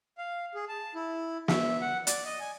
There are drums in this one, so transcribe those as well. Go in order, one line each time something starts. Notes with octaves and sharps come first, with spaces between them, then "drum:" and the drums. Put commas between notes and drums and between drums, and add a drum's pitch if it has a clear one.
F5
G#4
A5
E4
E5, drum: snare
F#5
D5, drum: hi-hat
D#5
G#5